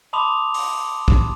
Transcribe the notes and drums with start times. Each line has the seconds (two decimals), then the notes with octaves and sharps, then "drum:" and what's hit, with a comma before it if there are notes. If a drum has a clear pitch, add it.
0.13 A5 B5 C6 D6 D#6 F7
0.54 drum: open hi-hat
1.08 drum: kick